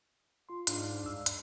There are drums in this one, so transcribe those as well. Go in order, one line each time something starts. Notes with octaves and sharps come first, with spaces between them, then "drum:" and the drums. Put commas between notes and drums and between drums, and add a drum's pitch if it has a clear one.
F4 C6
G#2 D4 F5, drum: hi-hat
D2 G2 E6
drum: hi-hat